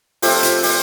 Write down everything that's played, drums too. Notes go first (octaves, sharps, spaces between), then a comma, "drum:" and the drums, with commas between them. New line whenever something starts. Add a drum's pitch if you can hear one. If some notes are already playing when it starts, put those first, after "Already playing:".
F3 A3 C4 F4 G4, drum: open hi-hat
drum: hi-hat
G4, drum: open hi-hat